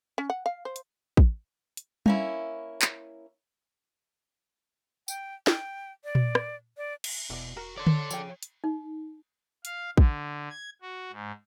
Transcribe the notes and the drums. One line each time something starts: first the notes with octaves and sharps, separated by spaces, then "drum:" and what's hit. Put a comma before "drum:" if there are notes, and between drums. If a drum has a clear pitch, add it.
C#4
F#5
F5
C5
drum: hi-hat
drum: kick
drum: hi-hat
A#3 C#4 E4, drum: tom G3
drum: clap
G5, drum: tambourine
G5, drum: snare
D5
drum: tom A#2
drum: rim click
D5
drum: cymbal
E1 B2 E3 B3 D5
F#4 A#4
A4 C#5 D5 C6
drum: tom D3
F3 G#4 C#5 G5 G#5, drum: tambourine
drum: hi-hat
D#4
F5, drum: hi-hat
D3, drum: kick
G#6
F#4
G#2